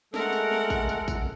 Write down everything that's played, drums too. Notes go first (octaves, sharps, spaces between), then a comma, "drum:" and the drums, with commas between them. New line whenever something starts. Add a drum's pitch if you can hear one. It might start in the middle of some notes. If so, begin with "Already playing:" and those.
G#3 A3 A4 A#4 F#5, drum: snare
drum: tambourine
drum: snare
drum: kick A1, tambourine
drum: tambourine
drum: kick A1, tambourine